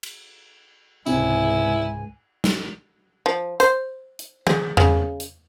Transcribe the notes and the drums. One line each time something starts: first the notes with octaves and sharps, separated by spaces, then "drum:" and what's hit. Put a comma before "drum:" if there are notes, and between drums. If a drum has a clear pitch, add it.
drum: cymbal
C#2 G#2 C3 E4 G#5, drum: tambourine
drum: snare
F3
C5, drum: hi-hat
drum: hi-hat
G#4, drum: tom D#3
C#3, drum: tom E2
drum: hi-hat